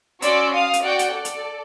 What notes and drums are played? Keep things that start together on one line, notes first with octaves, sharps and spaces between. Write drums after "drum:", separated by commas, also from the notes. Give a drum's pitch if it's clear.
C#4 F#4 D5 C6 E6 D7, drum: hi-hat
F5 D#6
drum: hi-hat
F#4 D5 F#5 G5
drum: hi-hat
A4 D5
drum: hi-hat